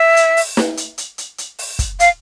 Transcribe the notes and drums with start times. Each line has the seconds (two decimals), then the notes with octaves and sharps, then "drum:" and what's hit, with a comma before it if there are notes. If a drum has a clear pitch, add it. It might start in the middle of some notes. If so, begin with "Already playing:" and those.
Already playing: E5
0.16 drum: hi-hat
0.37 drum: open hi-hat
0.57 drum: snare
0.77 drum: hi-hat
0.98 drum: hi-hat
1.18 drum: hi-hat
1.38 drum: hi-hat
1.59 drum: open hi-hat
1.79 drum: kick, hi-hat
2.00 F5, drum: hi-hat